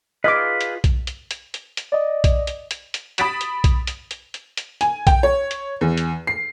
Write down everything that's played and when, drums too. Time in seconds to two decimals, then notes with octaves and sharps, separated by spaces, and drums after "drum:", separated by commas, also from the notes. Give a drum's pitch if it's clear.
0.24 F4 G#4 B4 D#5 D6
0.61 drum: hi-hat
0.84 drum: kick B1, hi-hat
1.07 drum: hi-hat
1.31 drum: hi-hat
1.54 drum: hi-hat
1.77 drum: hi-hat
1.92 D5 D#5
2.24 drum: kick B1, hi-hat
2.47 drum: hi-hat
2.71 drum: hi-hat
2.94 drum: hi-hat
3.18 B5 D#6 A6 B6 D7 E7, drum: hi-hat
3.41 drum: hi-hat
3.64 drum: kick B1, hi-hat
3.87 drum: hi-hat
4.11 drum: hi-hat
4.34 drum: hi-hat
4.57 drum: hi-hat
4.81 G#5, drum: hi-hat
5.07 G5, drum: kick B1, hi-hat
5.23 C#5
5.51 drum: hi-hat
5.81 E2
5.97 drum: hi-hat
6.27 C7